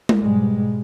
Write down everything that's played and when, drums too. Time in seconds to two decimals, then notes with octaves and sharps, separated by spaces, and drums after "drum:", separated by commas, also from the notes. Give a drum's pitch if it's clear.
0.09 drum: tom G#3
0.21 G#2 B2 G3 G#3